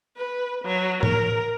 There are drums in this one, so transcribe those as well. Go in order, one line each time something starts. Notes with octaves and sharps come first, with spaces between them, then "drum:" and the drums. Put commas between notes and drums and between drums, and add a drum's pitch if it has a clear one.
B4
F#3
A#4, drum: tom A2